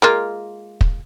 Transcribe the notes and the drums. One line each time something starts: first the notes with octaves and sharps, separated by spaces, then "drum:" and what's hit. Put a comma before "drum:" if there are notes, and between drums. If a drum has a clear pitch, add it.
G#3 A#3 F4
drum: kick